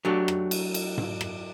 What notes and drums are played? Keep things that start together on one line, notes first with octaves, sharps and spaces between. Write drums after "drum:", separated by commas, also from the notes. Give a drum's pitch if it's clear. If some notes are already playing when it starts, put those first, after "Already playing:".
F#3 A3 D4 G4
drum: rim click
drum: cymbal
drum: cymbal
drum: tom G#2
drum: rim click